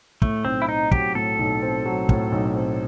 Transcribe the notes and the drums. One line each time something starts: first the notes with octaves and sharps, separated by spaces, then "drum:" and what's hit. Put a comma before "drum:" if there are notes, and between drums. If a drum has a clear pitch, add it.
A2 A3, drum: kick
B1 C4
E4
C4 D#4
F#3 G4, drum: kick
A2 A4
B1
C4
F#3
A2, drum: kick
B1
C4